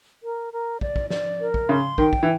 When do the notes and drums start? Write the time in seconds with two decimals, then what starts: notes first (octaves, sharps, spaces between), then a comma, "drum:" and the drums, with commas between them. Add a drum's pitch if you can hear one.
0.23 A#4
0.52 A#4
0.81 D5, drum: kick
0.96 drum: kick
1.10 D5, drum: snare
1.40 A#4
1.54 drum: kick
1.69 C#3 C6
1.98 D#3 G5, drum: kick
2.13 drum: kick
2.23 E3